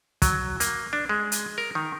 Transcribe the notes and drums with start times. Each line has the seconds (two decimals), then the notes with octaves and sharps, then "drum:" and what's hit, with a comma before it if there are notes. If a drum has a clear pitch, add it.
0.22 F#3, drum: kick, hi-hat
0.60 A#3, drum: hi-hat
0.93 D4
1.09 G#3
1.32 drum: hi-hat
1.58 A#4
1.75 D#3